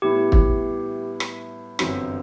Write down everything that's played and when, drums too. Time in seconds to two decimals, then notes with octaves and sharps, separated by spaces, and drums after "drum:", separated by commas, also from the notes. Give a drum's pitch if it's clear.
0.02 A2 G3 B3 E4 G4
0.32 drum: kick
1.20 drum: rim click
1.79 G1 F#2 F#3 C4, drum: rim click